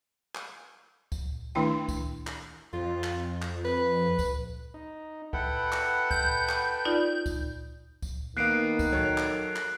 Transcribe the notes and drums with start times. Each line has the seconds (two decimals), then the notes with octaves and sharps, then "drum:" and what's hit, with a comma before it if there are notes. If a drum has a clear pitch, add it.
0.35 drum: clap
1.12 drum: kick C#2, tambourine
1.55 D#3 A3 D4 E4 G5
1.88 drum: kick C#2, tambourine
2.27 drum: clap
2.73 F2 F4
3.04 drum: clap
3.42 drum: clap
3.65 B4
4.19 drum: kick C#2, tambourine
4.74 D#4
5.33 E4 A4 B4 F#5 G5, drum: kick C#2
5.72 drum: clap
6.11 G6, drum: kick C#2
6.49 drum: clap
6.85 D#4 F4 D5
7.26 drum: kick C#2, tambourine
8.02 drum: kick C#2, tambourine
8.37 D#3 A#3 B3 F5 F#6 C7 D7
8.79 drum: kick C#2, tambourine
8.92 F#3 A4 C#5
9.18 drum: clap
9.56 drum: clap